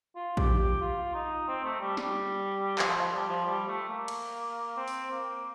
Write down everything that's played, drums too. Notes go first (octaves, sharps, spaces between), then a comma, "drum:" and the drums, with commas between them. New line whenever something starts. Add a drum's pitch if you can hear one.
F4
G4, drum: kick A#1
G4
F4
D#4
C4
A3
G3
G3, drum: snare
F3, drum: clap
F3
G3
F3
G3
A3
A#3
drum: cymbal
C4
drum: open hi-hat
A#3